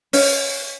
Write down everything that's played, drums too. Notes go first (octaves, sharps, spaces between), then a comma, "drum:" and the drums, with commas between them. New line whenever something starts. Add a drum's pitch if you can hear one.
C#4, drum: open hi-hat